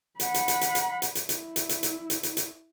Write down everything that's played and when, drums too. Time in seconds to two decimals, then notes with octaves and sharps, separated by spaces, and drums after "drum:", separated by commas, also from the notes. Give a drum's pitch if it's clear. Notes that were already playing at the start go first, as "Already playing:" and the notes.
0.20 F#5 B5, drum: hi-hat
0.34 drum: hi-hat
0.48 drum: hi-hat
0.61 drum: hi-hat
0.75 drum: hi-hat
1.02 drum: hi-hat
1.15 drum: hi-hat
1.29 E4, drum: hi-hat
1.56 drum: hi-hat
1.69 drum: hi-hat
1.83 drum: hi-hat
2.10 drum: hi-hat
2.23 drum: hi-hat
2.37 drum: hi-hat